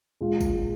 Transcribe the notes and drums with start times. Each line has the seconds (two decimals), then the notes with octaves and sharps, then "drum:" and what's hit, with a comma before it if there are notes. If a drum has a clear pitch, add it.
0.21 A#2 G#3 F4
0.40 drum: kick, tambourine